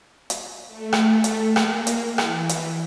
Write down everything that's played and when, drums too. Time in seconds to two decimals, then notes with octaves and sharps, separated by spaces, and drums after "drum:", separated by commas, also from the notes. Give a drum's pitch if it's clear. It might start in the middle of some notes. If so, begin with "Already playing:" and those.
0.30 drum: hi-hat
0.68 A3
0.93 drum: rim click
1.24 drum: hi-hat
1.56 A#3, drum: rim click
1.87 drum: hi-hat
2.18 E3, drum: rim click
2.49 drum: hi-hat